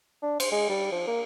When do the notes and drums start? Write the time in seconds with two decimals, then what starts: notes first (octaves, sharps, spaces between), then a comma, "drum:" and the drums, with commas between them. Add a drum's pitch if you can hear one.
0.22 D4
0.40 C5, drum: cymbal
0.52 G#3
0.69 G3
0.92 F3
1.07 A#3